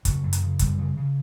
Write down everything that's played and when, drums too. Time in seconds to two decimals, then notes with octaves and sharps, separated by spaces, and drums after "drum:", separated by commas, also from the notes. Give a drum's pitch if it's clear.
0.05 C#3 F#3, drum: kick, hi-hat
0.23 F#2
0.33 drum: hi-hat
0.42 C#3
0.59 F#2 G3, drum: kick, hi-hat
0.79 C#3
0.97 C#3